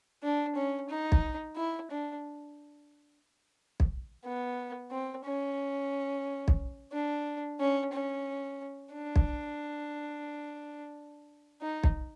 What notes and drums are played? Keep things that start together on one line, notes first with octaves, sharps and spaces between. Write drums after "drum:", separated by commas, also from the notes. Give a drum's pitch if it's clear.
D4
C#4
D#4
drum: kick B1
E4
D4
drum: kick B1
B3
C4
C#4
drum: kick B1
D4
C#4
C#4
D4
drum: kick B1
D#4
drum: kick B1